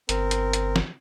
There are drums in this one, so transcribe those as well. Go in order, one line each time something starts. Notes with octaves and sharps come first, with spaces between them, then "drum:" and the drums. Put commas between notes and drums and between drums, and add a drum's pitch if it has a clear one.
G1 C4 A#4, drum: hi-hat
drum: hi-hat
drum: hi-hat
drum: snare